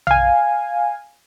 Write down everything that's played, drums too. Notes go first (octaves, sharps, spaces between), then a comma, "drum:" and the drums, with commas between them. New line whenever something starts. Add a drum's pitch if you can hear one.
F5 G#5, drum: tom A#1